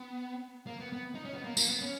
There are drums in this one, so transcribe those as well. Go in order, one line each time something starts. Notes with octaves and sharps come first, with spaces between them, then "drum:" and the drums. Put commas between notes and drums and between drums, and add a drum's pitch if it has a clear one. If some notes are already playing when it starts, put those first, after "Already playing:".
Already playing: B3
A#3
B3
B3
D#4
C#4
B3
A#3
A#3, drum: tambourine
B3
C#4